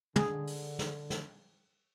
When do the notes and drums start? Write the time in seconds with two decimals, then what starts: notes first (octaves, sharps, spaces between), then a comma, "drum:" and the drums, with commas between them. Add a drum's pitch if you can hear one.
0.16 D3 G#4, drum: tom
0.47 drum: open hi-hat
0.79 drum: snare
1.10 drum: snare